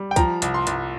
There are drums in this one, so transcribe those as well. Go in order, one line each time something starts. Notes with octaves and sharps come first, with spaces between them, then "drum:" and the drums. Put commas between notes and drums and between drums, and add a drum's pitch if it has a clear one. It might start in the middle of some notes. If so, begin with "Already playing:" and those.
Already playing: G3
G5
F3 A#5, drum: kick, hi-hat
C2, drum: hi-hat
C6
C2, drum: hi-hat